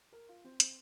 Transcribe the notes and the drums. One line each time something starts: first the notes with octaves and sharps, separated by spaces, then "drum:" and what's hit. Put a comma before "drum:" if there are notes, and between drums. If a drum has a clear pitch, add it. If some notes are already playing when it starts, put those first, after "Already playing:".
A#4
F4
C4
C4, drum: hi-hat